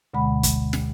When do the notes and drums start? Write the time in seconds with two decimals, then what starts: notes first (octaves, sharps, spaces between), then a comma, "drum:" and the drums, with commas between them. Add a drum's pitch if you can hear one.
0.14 D2 B2 D3 G#3 F#5 B5
0.43 drum: kick, hi-hat
0.73 drum: snare